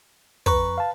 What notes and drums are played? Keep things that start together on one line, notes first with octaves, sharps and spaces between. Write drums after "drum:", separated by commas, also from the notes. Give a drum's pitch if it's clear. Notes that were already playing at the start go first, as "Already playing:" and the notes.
F2 B4 A#5 C#6, drum: kick
F5 A5